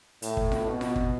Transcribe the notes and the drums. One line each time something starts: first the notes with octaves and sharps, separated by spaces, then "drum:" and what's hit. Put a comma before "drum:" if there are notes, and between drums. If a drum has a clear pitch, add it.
A2, drum: hi-hat
drum: kick
drum: snare F4
B2
drum: snare F4
drum: kick